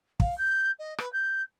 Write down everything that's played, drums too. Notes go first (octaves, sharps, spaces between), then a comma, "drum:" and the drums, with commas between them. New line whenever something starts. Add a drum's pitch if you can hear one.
F5, drum: kick
G6
D#5
B4, drum: rim click
G6